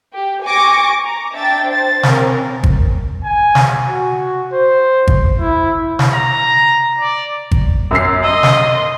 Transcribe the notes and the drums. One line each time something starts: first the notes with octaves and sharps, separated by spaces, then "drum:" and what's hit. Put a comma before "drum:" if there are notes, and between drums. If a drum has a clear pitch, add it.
G4
G#5 C#6 D6 A#6
A#5
D4 E5 G5 A6
C5 A6
C4 C#4 A#4, drum: snare
drum: kick G#1
G#5
drum: snare
F#4
C5
drum: kick G#1
E4
drum: snare
A#5
D5
drum: kick G#1
F#2 E6 C7
D#5 C6 E6
drum: snare